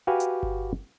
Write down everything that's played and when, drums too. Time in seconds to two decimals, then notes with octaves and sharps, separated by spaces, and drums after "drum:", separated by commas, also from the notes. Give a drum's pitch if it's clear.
0.07 F#4 G4 B4 F5 G5 G#5
0.20 drum: hi-hat
0.43 drum: kick G1